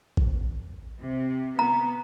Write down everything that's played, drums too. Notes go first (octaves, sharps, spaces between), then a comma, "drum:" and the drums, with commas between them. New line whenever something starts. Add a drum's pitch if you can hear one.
drum: kick A1
C3
B3 A#5